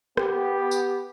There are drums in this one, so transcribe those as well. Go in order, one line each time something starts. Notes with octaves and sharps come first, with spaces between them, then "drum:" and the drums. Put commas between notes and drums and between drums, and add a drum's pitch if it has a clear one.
B3 G4, drum: rim click
drum: tambourine